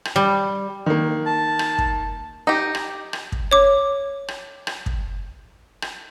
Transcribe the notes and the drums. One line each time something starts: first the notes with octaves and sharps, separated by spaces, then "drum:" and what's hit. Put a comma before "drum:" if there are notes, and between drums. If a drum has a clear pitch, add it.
drum: rim click
G3
D#3 A#3
A5
drum: rim click
drum: kick
D#4 G4
drum: rim click
drum: rim click
drum: kick
C#5 D6
drum: rim click
drum: rim click
drum: kick
drum: rim click